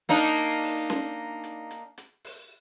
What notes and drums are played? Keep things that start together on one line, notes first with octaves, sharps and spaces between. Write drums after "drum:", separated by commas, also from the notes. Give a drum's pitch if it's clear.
A#3 D4 D#4, drum: hi-hat
drum: hi-hat
drum: open hi-hat
drum: snare C#4
drum: hi-hat
drum: hi-hat
drum: hi-hat
drum: open hi-hat